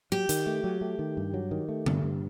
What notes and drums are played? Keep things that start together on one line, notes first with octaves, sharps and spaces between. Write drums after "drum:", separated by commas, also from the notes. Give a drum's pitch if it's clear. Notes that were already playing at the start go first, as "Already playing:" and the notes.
F#3 G4
D#3, drum: hi-hat
A3
F#3
A3
D#3
G2
F#3
D#3
A3
G2, drum: tom D3
G2